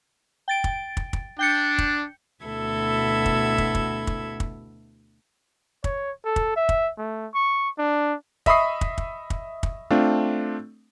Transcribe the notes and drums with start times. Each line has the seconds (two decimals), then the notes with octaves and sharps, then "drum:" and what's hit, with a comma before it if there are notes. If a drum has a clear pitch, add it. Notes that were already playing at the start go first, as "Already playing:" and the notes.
0.48 G5 A6 D7
0.64 drum: kick
0.97 drum: kick
1.13 drum: kick
1.39 D4 G5 G6 C#7
1.78 drum: kick
2.44 D2 B2 E4 A4 E5 G#6
3.26 drum: kick
3.58 drum: kick
3.75 drum: kick
4.07 drum: kick
4.40 drum: kick
5.84 C#5, drum: kick
6.25 A4
6.36 drum: kick
6.56 E5
6.69 drum: kick
6.98 A3
7.34 C#6
7.78 D4
8.46 D#5 E5 B5 C#6 D#6 C7, drum: kick
8.81 drum: kick
8.98 drum: kick
9.30 drum: kick
9.63 drum: kick
9.90 A3 C4 D4 F4